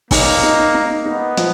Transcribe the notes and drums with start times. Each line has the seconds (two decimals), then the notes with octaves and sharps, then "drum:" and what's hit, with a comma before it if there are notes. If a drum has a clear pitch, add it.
0.11 A#3 D#4, drum: kick, open hi-hat
0.43 D#4
0.74 D#4
1.06 B3 D#4
1.37 F3, drum: hi-hat